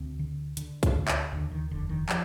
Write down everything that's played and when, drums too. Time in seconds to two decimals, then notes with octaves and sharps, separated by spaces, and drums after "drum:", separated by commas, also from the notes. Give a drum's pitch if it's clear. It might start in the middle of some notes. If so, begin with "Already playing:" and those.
Already playing: D2 C4
0.19 D3
0.57 D3, drum: hi-hat
0.83 drum: kick, hi-hat
0.95 D2
1.08 drum: clap
1.33 D#2 D3
1.52 D#3
1.71 F1 D3
1.89 D#3
2.09 F3, drum: clap